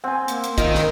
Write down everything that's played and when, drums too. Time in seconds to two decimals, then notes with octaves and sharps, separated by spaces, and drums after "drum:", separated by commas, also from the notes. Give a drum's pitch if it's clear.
0.04 C4 F#5 G#5
0.28 A#3, drum: hi-hat
0.44 drum: hi-hat
0.58 D#3 F4 A#4 D#5, drum: kick, hi-hat
0.75 drum: snare